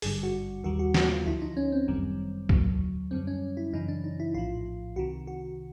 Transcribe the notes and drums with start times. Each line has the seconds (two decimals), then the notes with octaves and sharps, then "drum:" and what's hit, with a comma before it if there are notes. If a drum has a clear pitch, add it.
0.02 G#1 G2 D3 G3 G#4, drum: open hi-hat
0.23 F#4
0.64 D#2 D#3 G3 F#4
0.79 F#4
0.94 F#4, drum: snare
1.10 F4
1.26 D2 D3 F3 E4
1.42 D#4
1.57 C#4
1.72 C4
1.87 G1 F#2 D#3 G3
2.49 D#2 D3 F#3, drum: kick
3.11 F#2 D3 G3 C4
3.27 C#4
3.57 E4
3.73 F#2 C#3 E3 D#4
3.88 D4
4.04 D#4
4.20 E4
4.34 A#1 A2 F3 F4
4.96 C2 C3 D#3 F#4
5.27 F#4